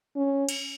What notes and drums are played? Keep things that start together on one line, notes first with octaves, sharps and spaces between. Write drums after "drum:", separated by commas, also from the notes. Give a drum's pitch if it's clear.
C#4
drum: cymbal